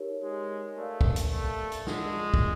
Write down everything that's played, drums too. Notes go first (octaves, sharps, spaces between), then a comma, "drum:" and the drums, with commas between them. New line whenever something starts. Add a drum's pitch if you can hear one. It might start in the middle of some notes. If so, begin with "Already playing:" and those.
Already playing: D#4 G4 A#4 C#5
G#3
A3 A#4 D5 F5
drum: kick
drum: hi-hat
A3
drum: hi-hat
G#3 F4 A#4 D5 F#5, drum: snare
drum: kick